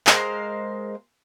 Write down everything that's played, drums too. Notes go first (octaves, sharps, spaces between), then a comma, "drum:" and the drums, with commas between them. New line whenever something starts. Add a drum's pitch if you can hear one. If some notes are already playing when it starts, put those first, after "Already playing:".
G#3 A#4 C5 F5, drum: clap